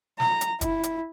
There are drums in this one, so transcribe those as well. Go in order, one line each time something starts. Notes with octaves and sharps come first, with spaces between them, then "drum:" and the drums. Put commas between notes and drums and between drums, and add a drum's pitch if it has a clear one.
A#5, drum: snare
drum: hi-hat
E4, drum: kick, hi-hat
drum: hi-hat